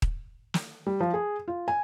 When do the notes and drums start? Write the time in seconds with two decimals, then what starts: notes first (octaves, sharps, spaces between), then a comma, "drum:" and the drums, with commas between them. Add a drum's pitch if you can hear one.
0.02 drum: kick D#1
0.54 drum: snare
0.87 G3
1.01 F3
1.14 G#4
1.48 F4
1.68 G#5